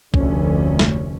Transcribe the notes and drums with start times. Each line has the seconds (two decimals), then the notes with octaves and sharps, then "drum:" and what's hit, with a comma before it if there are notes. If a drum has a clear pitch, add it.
0.14 F1 D2 D3 C#4, drum: kick B1
0.79 drum: snare